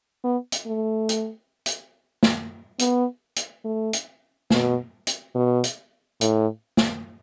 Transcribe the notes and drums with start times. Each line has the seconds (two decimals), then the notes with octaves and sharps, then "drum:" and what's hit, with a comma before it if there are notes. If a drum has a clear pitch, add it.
0.24 B3
0.52 drum: hi-hat
0.66 A3
1.09 drum: hi-hat
1.66 drum: hi-hat
2.23 drum: snare
2.79 B3, drum: hi-hat
3.36 drum: hi-hat
3.65 A3
3.93 drum: hi-hat
4.50 B2, drum: snare
5.07 drum: hi-hat
5.35 B2
5.64 drum: hi-hat
6.21 A2, drum: hi-hat
6.77 drum: snare